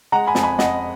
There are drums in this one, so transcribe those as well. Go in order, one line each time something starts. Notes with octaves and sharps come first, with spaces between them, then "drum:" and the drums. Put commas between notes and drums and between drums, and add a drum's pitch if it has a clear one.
G#3 F#5 A#5
G#5 B5
F2, drum: snare
G#5 B5
F2 D#5 F#5, drum: snare